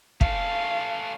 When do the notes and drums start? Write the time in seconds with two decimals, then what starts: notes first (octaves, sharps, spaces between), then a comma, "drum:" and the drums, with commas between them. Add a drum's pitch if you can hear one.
0.21 A3 C#4 F5, drum: kick